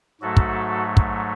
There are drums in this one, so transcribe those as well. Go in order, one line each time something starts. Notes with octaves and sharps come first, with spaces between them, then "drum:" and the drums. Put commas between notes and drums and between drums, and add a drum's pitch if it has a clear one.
G#2 F#3 A3 F#4 A4
drum: kick
drum: kick